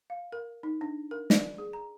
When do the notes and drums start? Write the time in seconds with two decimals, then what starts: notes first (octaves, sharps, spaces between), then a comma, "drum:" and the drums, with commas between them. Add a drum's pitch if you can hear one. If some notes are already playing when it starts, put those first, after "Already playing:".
0.10 F5
0.32 A#4
0.63 D#4
0.81 D4
1.11 A#4
1.30 D5, drum: snare
1.58 G#4
1.73 A#5